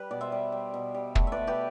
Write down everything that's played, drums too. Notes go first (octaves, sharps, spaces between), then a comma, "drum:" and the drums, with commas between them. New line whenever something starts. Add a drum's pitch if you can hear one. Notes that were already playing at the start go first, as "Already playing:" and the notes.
Already playing: G3 B4
B2 D5
C5 E5
G3
G3
B2
G3
A3, drum: kick
E5
B2 B4 D5
G4 B4